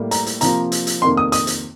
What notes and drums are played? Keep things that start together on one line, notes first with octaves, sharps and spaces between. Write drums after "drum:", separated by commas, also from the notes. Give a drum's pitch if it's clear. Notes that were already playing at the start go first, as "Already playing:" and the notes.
Already playing: A2 G3 A#3
A#5, drum: hi-hat
drum: hi-hat
C3 F3 A#3 A#5, drum: hi-hat
drum: hi-hat
drum: hi-hat
F2 C3 D#3 A#3 C6
D#6
D#6, drum: hi-hat
drum: hi-hat